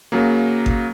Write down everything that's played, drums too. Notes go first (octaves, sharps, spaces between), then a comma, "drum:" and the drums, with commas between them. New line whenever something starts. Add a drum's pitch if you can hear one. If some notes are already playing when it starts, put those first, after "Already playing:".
C#3 F#3 A#3
drum: kick G#1